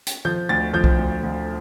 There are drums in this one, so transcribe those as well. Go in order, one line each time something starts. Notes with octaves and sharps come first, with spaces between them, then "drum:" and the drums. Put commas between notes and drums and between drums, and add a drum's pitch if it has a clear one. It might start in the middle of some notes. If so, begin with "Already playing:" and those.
drum: hi-hat
F3 G6
D2 A6
F3 G6
drum: kick B1
D2
D2